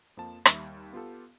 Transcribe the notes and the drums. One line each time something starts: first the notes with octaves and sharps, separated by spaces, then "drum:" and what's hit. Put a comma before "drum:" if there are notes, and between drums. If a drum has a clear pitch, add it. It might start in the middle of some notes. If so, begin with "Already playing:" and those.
F2 F3 A#3 A5
D#2 G3 E5 B5, drum: rim click
B3 F4 G4 A4